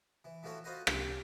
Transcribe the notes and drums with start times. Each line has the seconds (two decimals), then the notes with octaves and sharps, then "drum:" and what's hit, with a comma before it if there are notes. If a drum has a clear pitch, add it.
0.24 E3
0.43 E3 F3 A3 F#4 A4 C#5
0.64 F4 F#4 B4 C5 D#5 F#5
0.87 C2 G3 C4 C#4 C6, drum: rim click